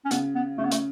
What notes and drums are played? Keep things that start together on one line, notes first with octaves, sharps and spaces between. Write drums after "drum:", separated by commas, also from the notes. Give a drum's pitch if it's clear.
C#4
C#3 B3, drum: hi-hat
B3
C#3 A3
B3
A3, drum: hi-hat